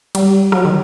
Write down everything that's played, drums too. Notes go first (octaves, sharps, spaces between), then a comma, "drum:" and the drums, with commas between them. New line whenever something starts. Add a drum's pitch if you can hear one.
G3, drum: cymbal
F#3, drum: rim click
D#3